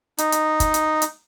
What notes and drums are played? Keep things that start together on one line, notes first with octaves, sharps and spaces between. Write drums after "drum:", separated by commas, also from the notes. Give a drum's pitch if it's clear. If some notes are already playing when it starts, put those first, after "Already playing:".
D#4, drum: hi-hat
drum: hi-hat
drum: kick, hi-hat
drum: hi-hat
drum: hi-hat